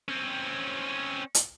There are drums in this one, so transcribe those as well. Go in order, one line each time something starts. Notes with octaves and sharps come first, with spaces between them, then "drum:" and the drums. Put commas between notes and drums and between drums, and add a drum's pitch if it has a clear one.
C4 C#4
drum: hi-hat